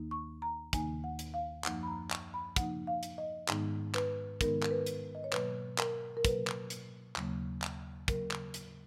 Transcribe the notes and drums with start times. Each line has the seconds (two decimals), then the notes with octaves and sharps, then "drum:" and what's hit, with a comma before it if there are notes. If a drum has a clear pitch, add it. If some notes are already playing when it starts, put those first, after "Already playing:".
Already playing: D#2 D#3 A#3 D#4
0.11 C#6
0.42 A#5
0.73 D#2 D#3 A#3 D#4 G#5, drum: kick, hi-hat
1.04 F#5
1.19 drum: hi-hat
1.34 F5
1.64 F#2 F3 A#3 D#4 F#5, drum: clap
1.83 B5
1.87 A#5
2.11 C#6, drum: clap
2.34 B5
2.56 F#2 F3 A#3 D#4 F#5, drum: kick, hi-hat
2.87 F5
3.03 drum: hi-hat
3.18 D#5
3.49 G#2 D#3 G#3 B3 D#4, drum: clap
3.95 B4, drum: clap
4.41 G#2 D#3 G#3 B3 D#4 A#4, drum: kick, hi-hat
4.63 A#4, drum: clap
4.71 B4
4.86 drum: hi-hat
5.15 D#5
5.24 C#5
5.33 B2 F#3 A#3 B4, drum: clap
5.79 A#4, drum: clap
6.17 A#4
6.25 B2 F#3 A#3 B4, drum: kick, hi-hat
6.47 drum: clap
6.70 drum: hi-hat
7.16 D#2 C#3 F#3 A#3, drum: clap
7.62 drum: clap
8.08 C#3 F#3 A#3 A#4, drum: kick, hi-hat
8.31 drum: clap
8.54 drum: hi-hat